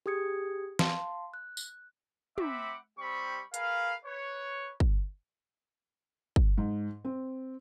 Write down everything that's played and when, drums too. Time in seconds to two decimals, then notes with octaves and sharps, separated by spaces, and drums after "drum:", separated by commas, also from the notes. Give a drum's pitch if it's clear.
0.06 G4 G#4 D#6 G#6 C#7
0.79 F5 A5 C6, drum: snare
1.34 F#6
1.57 drum: tambourine
2.38 C4 E5 F#5 B5 D6, drum: tom
2.99 G3 C4 G4 B5 C#6
3.54 G#4 A#4 B4 F5, drum: hi-hat
4.06 B4 C#5
4.80 drum: kick
6.36 drum: kick
6.58 G#2
7.05 C4